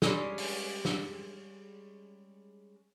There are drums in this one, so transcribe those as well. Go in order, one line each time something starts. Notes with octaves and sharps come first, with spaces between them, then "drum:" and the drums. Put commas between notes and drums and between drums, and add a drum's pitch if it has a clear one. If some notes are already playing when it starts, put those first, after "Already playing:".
G3 G#3 C#4, drum: snare
drum: open hi-hat
drum: snare